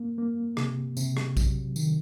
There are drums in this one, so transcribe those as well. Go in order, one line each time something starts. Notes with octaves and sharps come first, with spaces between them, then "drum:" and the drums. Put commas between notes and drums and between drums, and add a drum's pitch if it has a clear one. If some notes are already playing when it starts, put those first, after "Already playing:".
Already playing: A#3
A#3
C3, drum: rim click
C3, drum: tambourine
drum: rim click
F#3, drum: kick A#1, tambourine
D#3, drum: tambourine